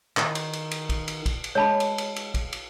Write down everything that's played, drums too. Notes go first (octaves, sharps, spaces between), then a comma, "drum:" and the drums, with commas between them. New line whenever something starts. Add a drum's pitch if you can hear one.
D#3, drum: clap
drum: cymbal
drum: cymbal
drum: cymbal
drum: kick, cymbal
drum: cymbal
drum: kick, cymbal
drum: cymbal
G#3 C#5 A5 B5
drum: cymbal
drum: cymbal
drum: cymbal
drum: kick, cymbal
drum: cymbal